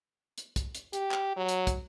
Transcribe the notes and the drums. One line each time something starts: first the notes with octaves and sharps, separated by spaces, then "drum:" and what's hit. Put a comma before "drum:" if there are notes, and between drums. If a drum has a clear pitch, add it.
drum: hi-hat
drum: kick, hi-hat
drum: hi-hat
G4, drum: hi-hat
drum: clap
F#3
drum: hi-hat
drum: kick, hi-hat